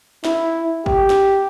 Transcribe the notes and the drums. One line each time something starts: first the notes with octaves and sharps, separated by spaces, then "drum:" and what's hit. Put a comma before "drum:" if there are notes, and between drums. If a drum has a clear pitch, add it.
E4, drum: snare
G4, drum: kick G#1
drum: snare